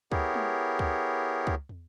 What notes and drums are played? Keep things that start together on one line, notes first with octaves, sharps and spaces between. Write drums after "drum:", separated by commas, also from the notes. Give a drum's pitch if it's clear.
B3 E4 G4 G#4 A#4 C#5, drum: kick C#2
drum: tom G#3
drum: kick C#2
drum: kick C#2
drum: tom